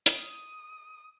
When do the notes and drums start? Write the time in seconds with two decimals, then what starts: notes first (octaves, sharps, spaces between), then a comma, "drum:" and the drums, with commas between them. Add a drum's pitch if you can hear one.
0.06 drum: hi-hat
0.16 D#6